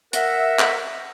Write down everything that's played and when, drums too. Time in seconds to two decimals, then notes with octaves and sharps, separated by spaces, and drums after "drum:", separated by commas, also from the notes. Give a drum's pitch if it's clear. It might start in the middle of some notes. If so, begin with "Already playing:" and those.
0.13 A#4 E5 F#5, drum: hi-hat
0.59 drum: clap